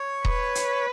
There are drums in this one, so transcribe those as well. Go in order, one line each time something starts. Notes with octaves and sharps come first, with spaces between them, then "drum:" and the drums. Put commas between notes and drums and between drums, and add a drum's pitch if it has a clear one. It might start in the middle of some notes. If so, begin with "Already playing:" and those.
Already playing: C#5
B4, drum: kick D#1
drum: hi-hat